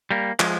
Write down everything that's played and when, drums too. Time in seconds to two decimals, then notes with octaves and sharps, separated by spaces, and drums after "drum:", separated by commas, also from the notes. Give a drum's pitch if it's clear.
0.11 G3 A#3
0.40 F3 G#3, drum: clap